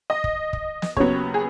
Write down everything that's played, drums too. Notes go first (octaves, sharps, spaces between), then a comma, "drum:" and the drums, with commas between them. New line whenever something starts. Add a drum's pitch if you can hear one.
D#5
drum: kick
drum: kick
drum: snare
D#2 C#3 F#3 B3 C#5, drum: kick
G#4